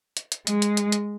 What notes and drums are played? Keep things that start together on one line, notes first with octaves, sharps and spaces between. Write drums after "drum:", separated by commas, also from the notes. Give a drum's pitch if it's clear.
drum: hi-hat
drum: hi-hat
G#3, drum: hi-hat
drum: hi-hat
drum: hi-hat
drum: hi-hat